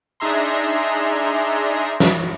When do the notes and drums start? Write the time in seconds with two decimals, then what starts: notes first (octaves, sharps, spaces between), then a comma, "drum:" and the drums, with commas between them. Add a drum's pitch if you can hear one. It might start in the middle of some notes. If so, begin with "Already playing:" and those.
0.20 D4 D#4 G#4 E5 A#5 C6
2.00 drum: snare